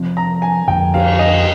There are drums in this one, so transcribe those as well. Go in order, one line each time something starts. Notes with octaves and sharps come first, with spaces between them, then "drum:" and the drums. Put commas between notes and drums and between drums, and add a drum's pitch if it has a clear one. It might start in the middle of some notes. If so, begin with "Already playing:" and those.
Already playing: C3 F3 C4
A#5
G#5
F2 D3 F3 G5
F5, drum: cymbal
D#5